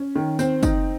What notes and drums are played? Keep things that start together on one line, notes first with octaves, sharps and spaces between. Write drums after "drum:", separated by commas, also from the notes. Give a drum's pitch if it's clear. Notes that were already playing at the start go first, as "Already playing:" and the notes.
Already playing: C#4
D#3
C4 C5, drum: tambourine
D#4, drum: kick, tambourine